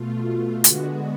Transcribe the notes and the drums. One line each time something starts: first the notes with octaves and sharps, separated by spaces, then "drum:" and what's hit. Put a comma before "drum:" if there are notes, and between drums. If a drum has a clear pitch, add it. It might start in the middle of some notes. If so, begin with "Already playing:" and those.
Already playing: B2 A3 F4
F4
D3 G#3 B3 F#4, drum: hi-hat